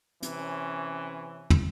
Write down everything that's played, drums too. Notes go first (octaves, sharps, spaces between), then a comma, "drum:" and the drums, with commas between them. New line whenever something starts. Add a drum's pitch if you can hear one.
C3 E3 C#4, drum: hi-hat
drum: tom